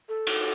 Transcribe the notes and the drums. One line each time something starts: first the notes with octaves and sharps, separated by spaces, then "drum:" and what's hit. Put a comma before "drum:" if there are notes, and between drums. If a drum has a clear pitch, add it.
A4
drum: cymbal